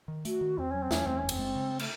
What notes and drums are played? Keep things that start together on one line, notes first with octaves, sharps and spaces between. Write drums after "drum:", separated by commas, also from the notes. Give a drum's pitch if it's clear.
D#3
A3 F#4, drum: hi-hat
D#3
E2 C4
F#3 C#4
C4
E2 C#4, drum: snare
E2 C4
C#4
F#1
C4, drum: cymbal
G#3
C#3
A3, drum: cymbal